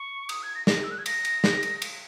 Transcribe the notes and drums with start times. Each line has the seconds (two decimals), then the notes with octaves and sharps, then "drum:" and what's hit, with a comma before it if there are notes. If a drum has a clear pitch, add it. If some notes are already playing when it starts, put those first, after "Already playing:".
Already playing: C#6
0.29 D#6, drum: cymbal
0.43 G#6
0.55 A#6
0.67 A#6, drum: snare
0.83 E6
0.91 F#6
0.98 G#6
1.06 A#6, drum: cymbal
1.25 drum: cymbal
1.44 drum: snare
1.63 drum: cymbal
1.82 drum: cymbal